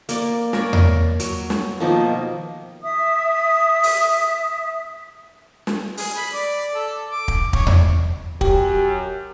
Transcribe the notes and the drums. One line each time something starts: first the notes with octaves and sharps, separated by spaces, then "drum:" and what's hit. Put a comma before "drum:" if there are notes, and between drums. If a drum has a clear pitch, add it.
A#3 D5, drum: hi-hat
A#4 C#5 D5, drum: snare
drum: tom E2
F#3, drum: hi-hat
drum: snare
B2 D#3 F3 A#3
E5 D#6
drum: open hi-hat
drum: snare
G#4, drum: open hi-hat
B5
D5
A4
D6
drum: kick
C#5, drum: kick
drum: tom E2
F#2 G4, drum: kick